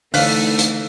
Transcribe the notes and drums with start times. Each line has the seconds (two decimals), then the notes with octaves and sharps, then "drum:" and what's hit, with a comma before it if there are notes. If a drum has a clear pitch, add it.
0.14 D3 E3 A3 D#4 A4 F5 F#6 B6, drum: open hi-hat
0.59 drum: hi-hat